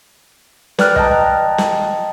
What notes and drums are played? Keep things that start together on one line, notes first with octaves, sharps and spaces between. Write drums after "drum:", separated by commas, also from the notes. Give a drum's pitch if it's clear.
B4 D5 G5 F6 F#6, drum: snare
D#5 G5 A5 A#5, drum: kick
drum: snare